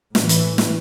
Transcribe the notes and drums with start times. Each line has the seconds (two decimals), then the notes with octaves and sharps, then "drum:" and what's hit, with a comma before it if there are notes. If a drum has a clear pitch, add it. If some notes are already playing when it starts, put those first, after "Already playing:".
0.15 A2 E3, drum: snare
0.29 drum: hi-hat
0.58 drum: snare